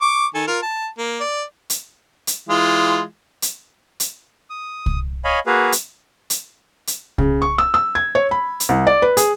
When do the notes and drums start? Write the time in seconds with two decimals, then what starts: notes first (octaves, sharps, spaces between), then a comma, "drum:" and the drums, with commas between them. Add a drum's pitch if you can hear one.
0.02 C#6 D6
0.35 D#3 A4 G#5
0.47 F4 A#4
0.62 A5
0.99 A#3
1.20 D5
1.70 drum: hi-hat
2.27 drum: hi-hat
2.49 E3 G#3 F4
3.42 drum: hi-hat
4.00 drum: hi-hat
4.50 D#6
4.86 drum: kick C2
5.24 C#5 D#5 F5 G#5 B5
5.46 A#3 F#4 G#4 B4 F5
5.72 drum: hi-hat
6.30 drum: hi-hat
6.87 drum: hi-hat
7.18 C#3, drum: kick C2
7.42 C#6
7.58 E6
7.74 E6
7.95 G#6
8.15 C#5
8.31 B5
8.60 drum: hi-hat
8.69 C2
8.87 D5
9.02 B4
9.17 G#4, drum: hi-hat